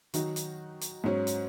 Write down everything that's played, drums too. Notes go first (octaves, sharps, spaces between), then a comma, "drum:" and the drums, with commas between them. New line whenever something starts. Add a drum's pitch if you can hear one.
D#3 F#3 D#4 F#4, drum: hi-hat
drum: hi-hat
drum: hi-hat
G#2 F#3 C#4
drum: hi-hat